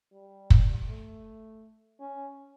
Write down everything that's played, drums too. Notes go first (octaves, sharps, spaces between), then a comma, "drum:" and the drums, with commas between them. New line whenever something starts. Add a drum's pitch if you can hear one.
G3
drum: kick
A3
C#4